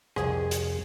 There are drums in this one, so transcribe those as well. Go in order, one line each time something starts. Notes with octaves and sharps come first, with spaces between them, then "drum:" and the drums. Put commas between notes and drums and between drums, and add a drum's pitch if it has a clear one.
C2 F2 C3 G#4, drum: rim click
drum: hi-hat